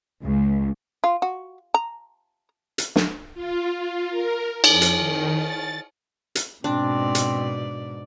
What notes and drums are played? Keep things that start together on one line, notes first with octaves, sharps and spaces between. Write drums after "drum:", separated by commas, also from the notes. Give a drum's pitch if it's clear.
C#2
F4
F#4
A#5
drum: hi-hat
drum: snare
F4
F4
A#4
F2, drum: cymbal
drum: hi-hat
D#3
A6
drum: hi-hat
G#2 B2 C4 D4 D5
drum: hi-hat